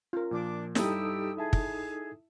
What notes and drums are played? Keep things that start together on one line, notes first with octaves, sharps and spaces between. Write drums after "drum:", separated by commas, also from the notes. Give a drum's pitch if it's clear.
C#4 F4 A#4
A#2 F3 D4 D6
G2 G3 D#4 E4 G4 A4 D#6 E6, drum: snare
E4 G#4 E5 A5
drum: kick